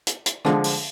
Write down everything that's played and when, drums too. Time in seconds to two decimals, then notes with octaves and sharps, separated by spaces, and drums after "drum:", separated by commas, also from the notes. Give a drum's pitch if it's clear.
0.07 drum: hi-hat
0.26 drum: hi-hat
0.45 D3 F3 G#3, drum: rim click
0.64 drum: open hi-hat